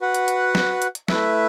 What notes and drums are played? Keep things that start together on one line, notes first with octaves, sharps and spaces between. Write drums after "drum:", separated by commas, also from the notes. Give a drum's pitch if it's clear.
F#4 B4 F#5
drum: hi-hat
drum: hi-hat
drum: snare
drum: hi-hat
drum: hi-hat
A3 E4 B4 E5, drum: snare